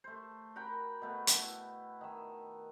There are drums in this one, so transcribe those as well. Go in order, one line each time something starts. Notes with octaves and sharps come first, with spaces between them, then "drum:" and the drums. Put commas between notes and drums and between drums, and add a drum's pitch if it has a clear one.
A3 C5
F#4 A#4 G5 B5
B2 A3
drum: hi-hat
E4
D#3 E5